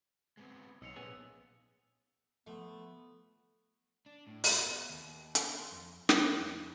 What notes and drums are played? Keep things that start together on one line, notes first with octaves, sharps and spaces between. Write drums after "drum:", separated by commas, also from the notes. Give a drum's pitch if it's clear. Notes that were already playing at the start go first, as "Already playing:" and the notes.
G#3 B3 C4
B1 D#4 C5 C#5 E6 C#7 F7
A#2 F3 B3 C#4 G#4
F3 A3 B3
D4
A2
drum: open hi-hat
B3
D#2
drum: hi-hat
C6
F2
C#5, drum: snare
F2